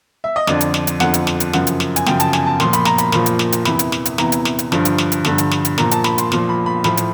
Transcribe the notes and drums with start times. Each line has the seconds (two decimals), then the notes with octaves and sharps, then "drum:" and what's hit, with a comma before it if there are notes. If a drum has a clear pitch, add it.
0.24 E5
0.36 D#5
0.47 F2 D3 F3 D5, drum: snare
0.61 drum: hi-hat
0.74 drum: snare
0.87 drum: hi-hat
1.00 F2 D3 F3 F#5, drum: snare
1.14 drum: hi-hat
1.27 drum: snare
1.40 drum: hi-hat
1.53 F#2 C#3 F3 F#5, drum: snare
1.67 drum: hi-hat
1.80 drum: snare
1.96 G#5, drum: hi-hat
2.06 F#2 C#3 F3 G5, drum: snare
2.20 A5, drum: hi-hat
2.33 G#5, drum: snare
2.46 A5
2.60 A#2 F3 C6, drum: snare
2.73 B5, drum: hi-hat
2.85 A#5, drum: snare
2.98 B5, drum: hi-hat
3.12 A#2 F3 B5, drum: snare
3.26 drum: hi-hat
3.39 drum: snare
3.52 drum: hi-hat
3.65 E2 C3 E3 B5, drum: snare
3.79 drum: hi-hat
3.92 drum: snare
4.06 drum: hi-hat
4.18 E2 C3 E3 A#5, drum: snare
4.32 drum: hi-hat
4.45 drum: snare
4.59 drum: hi-hat
4.72 G2 D3 F3, drum: snare
4.85 drum: hi-hat
4.98 drum: snare
5.12 drum: hi-hat
5.25 G2 D3 F3, drum: snare
5.38 drum: hi-hat
5.51 drum: snare
5.65 drum: hi-hat
5.78 A#2 F3 A#5, drum: snare
5.91 A5, drum: hi-hat
6.04 B5, drum: snare
6.18 C6, drum: hi-hat
6.32 A#2 F3, drum: snare
6.49 B5
6.66 B5
6.84 A2 F3 B5, drum: snare
6.97 drum: hi-hat